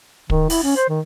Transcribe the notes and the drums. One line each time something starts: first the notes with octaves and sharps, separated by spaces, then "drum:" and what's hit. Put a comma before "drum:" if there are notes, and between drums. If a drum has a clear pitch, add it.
D#3, drum: kick
E4, drum: open hi-hat
C#4
C5
D#3